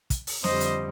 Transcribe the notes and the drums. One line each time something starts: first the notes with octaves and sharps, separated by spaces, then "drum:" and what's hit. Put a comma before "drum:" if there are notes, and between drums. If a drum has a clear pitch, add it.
drum: kick, hi-hat
drum: open hi-hat
F2 D3 G3 C5 D#5, drum: snare
drum: hi-hat